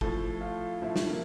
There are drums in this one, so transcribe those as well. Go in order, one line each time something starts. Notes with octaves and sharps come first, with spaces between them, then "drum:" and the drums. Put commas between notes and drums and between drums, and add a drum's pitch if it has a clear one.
A2 F3 A4, drum: kick
F4
A2 F3 E4
drum: snare
A#3